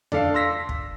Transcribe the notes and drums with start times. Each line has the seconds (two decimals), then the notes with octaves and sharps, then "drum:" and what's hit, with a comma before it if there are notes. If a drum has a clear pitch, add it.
0.12 D4 A4 F5, drum: tom E2
0.34 C6 E6 A#6 B6
0.69 drum: kick